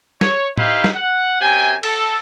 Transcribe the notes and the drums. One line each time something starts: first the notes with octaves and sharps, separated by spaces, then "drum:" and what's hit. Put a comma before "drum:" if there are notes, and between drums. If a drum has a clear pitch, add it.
C#5, drum: snare
D#4 E4 G4 B4 C5 F5, drum: tom
drum: snare
F#5
F#2 C3 G5 G#5
A4, drum: cymbal